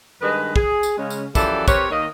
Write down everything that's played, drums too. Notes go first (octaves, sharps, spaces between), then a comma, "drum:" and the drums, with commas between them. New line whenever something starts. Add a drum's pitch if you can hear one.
G2 D#3 G#3 B4
G#4, drum: kick
drum: tambourine
C#3 G#3 C#4
drum: tambourine
F#2 E3 F3 G4 A4 D5, drum: kick, tambourine
C4 G4 A#4 B4 C#5, drum: kick, tambourine
D#3 A#3 D#5